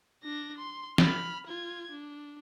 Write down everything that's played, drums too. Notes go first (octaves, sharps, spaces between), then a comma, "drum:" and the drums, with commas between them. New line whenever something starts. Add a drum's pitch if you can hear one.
D4 A#6
C6
B5 F6, drum: snare
F4 G#6
D4